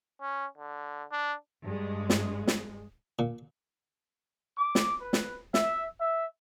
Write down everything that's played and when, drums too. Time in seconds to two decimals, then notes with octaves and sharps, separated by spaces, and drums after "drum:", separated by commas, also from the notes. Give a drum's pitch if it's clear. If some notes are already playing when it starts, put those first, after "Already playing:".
0.21 C#4
0.58 D3
1.12 D4
1.64 G2 G#3
2.10 drum: snare
2.47 drum: snare
3.19 A#2
4.57 D6
4.75 drum: snare
5.01 B4
5.13 drum: snare
5.54 E5, drum: snare
5.99 E5